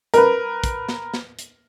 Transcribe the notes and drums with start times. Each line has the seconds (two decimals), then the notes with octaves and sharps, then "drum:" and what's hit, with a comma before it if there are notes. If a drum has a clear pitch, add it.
0.14 A#4 B4, drum: hi-hat
0.64 drum: kick, hi-hat
0.89 drum: snare
1.14 drum: snare
1.39 drum: hi-hat